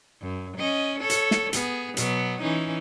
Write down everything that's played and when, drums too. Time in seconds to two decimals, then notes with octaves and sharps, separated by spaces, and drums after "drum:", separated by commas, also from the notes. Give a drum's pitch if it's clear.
0.22 F#2
0.57 C#4 D#5
1.00 A4 C#5
1.10 drum: hi-hat
1.31 drum: snare
1.53 B3 G#4, drum: hi-hat
1.97 B2 F#3 B3, drum: hi-hat
2.42 E3 C#4 D#4